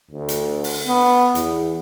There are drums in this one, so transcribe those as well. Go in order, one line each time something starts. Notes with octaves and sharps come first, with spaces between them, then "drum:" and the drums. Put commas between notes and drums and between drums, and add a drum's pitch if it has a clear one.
D2
drum: hi-hat
drum: open hi-hat
B3
E2, drum: hi-hat